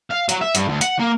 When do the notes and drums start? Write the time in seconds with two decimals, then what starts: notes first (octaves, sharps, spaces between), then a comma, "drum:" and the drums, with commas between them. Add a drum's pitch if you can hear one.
0.11 F5
0.29 F#3, drum: hi-hat
0.41 E5
0.55 G2, drum: hi-hat
0.68 D2
0.81 F#5, drum: hi-hat
1.00 A#3